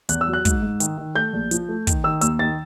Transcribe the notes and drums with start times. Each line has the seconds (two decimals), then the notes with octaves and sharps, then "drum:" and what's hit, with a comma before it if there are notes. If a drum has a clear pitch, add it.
0.09 E2 F#6, drum: hi-hat
0.21 E6
0.27 F#3
0.33 F#6
0.45 G#2, drum: kick, hi-hat
0.62 G#2
0.80 D#3, drum: hi-hat
0.98 D#3
1.15 A3 G6
1.33 A#1
1.51 F3, drum: hi-hat
1.69 A3
1.87 D#3, drum: kick, hi-hat
2.04 D#3 E6
2.21 D#2 E6, drum: hi-hat
2.39 D#3 A6